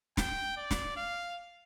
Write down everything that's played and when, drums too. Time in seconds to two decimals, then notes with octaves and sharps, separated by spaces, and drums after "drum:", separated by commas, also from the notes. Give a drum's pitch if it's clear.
0.17 G5, drum: snare
0.57 D5
0.71 drum: snare
0.97 F5